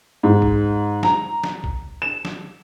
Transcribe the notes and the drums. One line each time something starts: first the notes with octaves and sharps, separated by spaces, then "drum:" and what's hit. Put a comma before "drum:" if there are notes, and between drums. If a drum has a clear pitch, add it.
G#2
drum: kick
A#5, drum: snare
drum: snare
drum: kick
E7
drum: snare